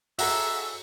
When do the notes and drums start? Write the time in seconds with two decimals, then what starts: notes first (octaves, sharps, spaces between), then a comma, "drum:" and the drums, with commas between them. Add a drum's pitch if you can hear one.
0.19 F#4 G#4 A4 E5 F#5 A#5 E6, drum: open hi-hat